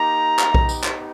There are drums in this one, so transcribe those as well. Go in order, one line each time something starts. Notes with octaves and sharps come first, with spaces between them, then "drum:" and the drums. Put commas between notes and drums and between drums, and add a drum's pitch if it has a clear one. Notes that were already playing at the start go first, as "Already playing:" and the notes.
Already playing: A#3 D#4 G4 A#5
drum: clap
B3 D#4 G4, drum: kick B1
drum: tambourine
drum: clap